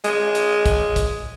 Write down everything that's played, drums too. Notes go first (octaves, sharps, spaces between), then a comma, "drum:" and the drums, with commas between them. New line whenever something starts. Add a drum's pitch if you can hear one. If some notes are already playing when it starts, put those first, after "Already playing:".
G#3, drum: hi-hat
drum: hi-hat
drum: kick, hi-hat
drum: kick, hi-hat